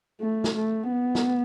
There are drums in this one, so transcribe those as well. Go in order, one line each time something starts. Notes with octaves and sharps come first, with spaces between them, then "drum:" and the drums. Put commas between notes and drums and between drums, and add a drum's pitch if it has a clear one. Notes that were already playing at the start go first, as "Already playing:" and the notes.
A3
drum: snare
A3
B3
drum: snare